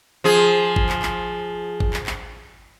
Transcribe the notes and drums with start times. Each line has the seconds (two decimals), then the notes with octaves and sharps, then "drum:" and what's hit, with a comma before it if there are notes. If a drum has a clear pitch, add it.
0.24 F3 G#4
0.76 drum: kick G#1
0.89 drum: clap
1.02 drum: clap
1.80 drum: kick G#1
1.93 drum: clap
2.06 drum: clap